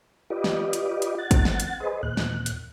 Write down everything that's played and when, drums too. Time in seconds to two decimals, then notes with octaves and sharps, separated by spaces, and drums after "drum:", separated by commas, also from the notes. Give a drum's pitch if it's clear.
0.30 F4 G4 B4 D5 D#5
0.44 drum: snare
0.73 drum: hi-hat
1.02 drum: hi-hat
1.18 F#5 A6
1.31 drum: kick, hi-hat
1.45 drum: snare
1.60 drum: hi-hat
1.80 G#4 B4 C5 D#5
2.03 D#2 A#2 F#6
2.17 drum: snare
2.46 drum: hi-hat